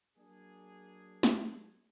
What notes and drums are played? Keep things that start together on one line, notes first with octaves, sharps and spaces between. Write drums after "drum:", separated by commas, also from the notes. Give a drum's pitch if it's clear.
F#3 A#3 D4 G#4
drum: snare